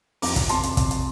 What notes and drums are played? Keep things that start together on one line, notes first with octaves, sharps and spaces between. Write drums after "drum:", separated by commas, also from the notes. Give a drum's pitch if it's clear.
F2 A#5 D6, drum: open hi-hat
drum: kick, hi-hat
C3 A5 C6, drum: hi-hat
drum: hi-hat
drum: kick, hi-hat
drum: hi-hat